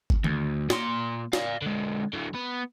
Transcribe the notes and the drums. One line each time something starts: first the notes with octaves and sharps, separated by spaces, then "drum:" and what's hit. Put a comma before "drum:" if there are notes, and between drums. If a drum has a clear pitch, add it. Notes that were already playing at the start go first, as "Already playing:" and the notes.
drum: kick G1
D2, drum: tom D#3
A#2 C6, drum: snare
D5 F5, drum: snare
D3 G#3
D3 F#3
B3